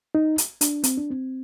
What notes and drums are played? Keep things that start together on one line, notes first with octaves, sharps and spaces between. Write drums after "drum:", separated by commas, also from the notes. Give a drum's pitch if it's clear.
D#4
drum: hi-hat
D4, drum: hi-hat
C4, drum: hi-hat
D4
C4